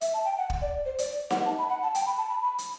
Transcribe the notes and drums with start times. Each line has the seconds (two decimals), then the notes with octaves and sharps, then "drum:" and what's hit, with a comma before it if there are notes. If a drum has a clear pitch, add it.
0.01 E5, drum: hi-hat
0.14 A5
0.25 G5
0.38 F#5
0.50 drum: kick
0.62 D5
0.86 C5
0.98 D5, drum: hi-hat
1.30 F#5, drum: snare D#4
1.46 A5
1.59 B5
1.70 F#5
1.83 A5
1.95 G5, drum: hi-hat
2.06 B5
2.18 A5
2.30 B5
2.42 B5
2.58 drum: hi-hat